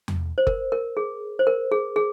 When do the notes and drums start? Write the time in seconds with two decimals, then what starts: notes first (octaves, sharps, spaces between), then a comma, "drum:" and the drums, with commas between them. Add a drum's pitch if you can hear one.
0.08 drum: tom E2
0.38 C5
0.47 A#4, drum: kick
0.72 A#4
0.97 G#4
1.39 C5
1.47 A#4
1.72 G#4
1.96 G#4